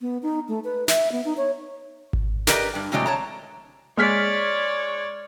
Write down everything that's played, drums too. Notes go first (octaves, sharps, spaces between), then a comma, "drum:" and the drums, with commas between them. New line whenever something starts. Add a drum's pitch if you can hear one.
B3
D#4
A3
B4
E5, drum: snare
B3
D#4
C#5
drum: kick G#1
G4 A#4 B4 D5 D#5, drum: snare
G2
A2 C3 F#3 G#3 D5 D#5
C#5 A5 A#5
G#3 C#5 D5 F6 B6